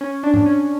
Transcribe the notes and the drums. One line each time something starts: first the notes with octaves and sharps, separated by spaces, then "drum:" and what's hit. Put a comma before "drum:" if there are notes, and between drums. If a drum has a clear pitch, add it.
C#4
D4
drum: tom G#2
C#4